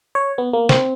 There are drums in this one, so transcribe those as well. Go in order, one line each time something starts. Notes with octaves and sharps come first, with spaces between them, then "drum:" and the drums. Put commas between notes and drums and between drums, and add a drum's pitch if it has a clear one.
C#5
B3
A#3
C4, drum: snare